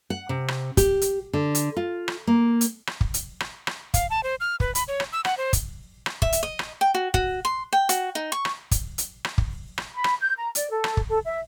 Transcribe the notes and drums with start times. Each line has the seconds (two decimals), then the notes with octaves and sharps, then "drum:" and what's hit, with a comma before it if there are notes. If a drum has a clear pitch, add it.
0.10 F#5
0.29 C3
0.48 drum: rim click
0.77 G4, drum: kick, hi-hat
1.01 drum: hi-hat
1.33 D3
1.55 drum: hi-hat
1.77 F4
2.08 drum: rim click
2.27 A#3
2.61 drum: hi-hat
2.87 drum: rim click
3.01 drum: kick
3.14 drum: hi-hat
3.40 drum: rim click
3.67 drum: rim click
3.94 F5, drum: kick, hi-hat
4.10 A5
4.23 C5
4.40 F6
4.60 B4, drum: kick
4.75 B5, drum: hi-hat
4.88 C#5
5.00 drum: rim click
5.13 E6
5.25 F#5, drum: rim click
5.37 C5
5.53 drum: kick, hi-hat
6.06 drum: rim click
6.22 E5, drum: kick
6.32 drum: hi-hat
6.43 D#5
6.59 drum: rim click
6.81 G5
6.94 F#4
7.14 F#4, drum: kick
7.45 C6
7.73 G5
7.89 F#4, drum: hi-hat
8.15 D#4
8.32 C#6
8.45 drum: rim click
8.71 drum: kick, hi-hat
8.98 drum: hi-hat
9.25 drum: rim click
9.38 drum: kick
9.78 drum: rim click
9.94 B5
10.04 drum: rim click
10.21 G6
10.37 A#5
10.55 D5, drum: hi-hat
10.70 A4
10.84 drum: rim click
10.97 drum: kick
11.10 A4
11.24 E5